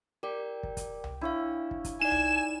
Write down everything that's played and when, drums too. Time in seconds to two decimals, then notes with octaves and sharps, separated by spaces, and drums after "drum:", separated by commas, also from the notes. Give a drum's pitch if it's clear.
0.23 G4 A#4 D5 G5
0.63 drum: kick
0.77 drum: kick, hi-hat
1.04 drum: tom C2
1.22 D4 E4 C#5 F5
1.71 drum: kick
1.84 drum: kick, hi-hat
2.01 D#4 D5 G#5 E7
2.11 drum: tom C2